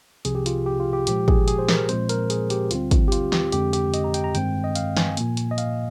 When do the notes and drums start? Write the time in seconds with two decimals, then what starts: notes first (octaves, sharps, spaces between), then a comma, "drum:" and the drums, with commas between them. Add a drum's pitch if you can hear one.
0.25 C2 C3 F3 G#4, drum: hi-hat
0.35 G4
0.46 F4, drum: hi-hat
0.66 G4
0.80 F4
0.93 G4
1.07 A#2 F3 G#3 G4, drum: hi-hat
1.28 G#4, drum: kick
1.48 G#4, drum: hi-hat
1.59 C5
1.68 A#4, drum: snare
1.89 A#2 F3 G#3 C4 C5, drum: hi-hat
2.09 A#4, drum: hi-hat
2.30 G#4, drum: hi-hat
2.50 G4, drum: hi-hat
2.71 D2 D3 G3 C4 F4, drum: hi-hat
2.91 drum: kick, hi-hat
3.08 G4
3.12 F4, drum: hi-hat
3.32 G4, drum: snare
3.52 F2 D3 G#3 C4 G4, drum: hi-hat
3.73 G4, drum: hi-hat
3.94 D#5, drum: hi-hat
4.04 A#5
4.14 G5, drum: hi-hat
4.24 A#5
4.35 G2 D#3 G#3 C4 G5, drum: hi-hat
4.64 D#5
4.75 F5, drum: hi-hat
4.97 G#5, drum: snare
5.17 A#2 F3 A#3, drum: hi-hat
5.37 drum: hi-hat
5.51 D#5
5.58 F5, drum: hi-hat